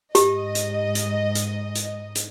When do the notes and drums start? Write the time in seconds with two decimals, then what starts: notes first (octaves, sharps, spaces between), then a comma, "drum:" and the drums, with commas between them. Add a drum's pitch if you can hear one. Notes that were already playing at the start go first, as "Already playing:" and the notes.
0.15 G#2 G4 D#5, drum: hi-hat
0.55 drum: hi-hat
0.95 drum: hi-hat
1.35 drum: hi-hat
1.75 drum: hi-hat
2.15 drum: hi-hat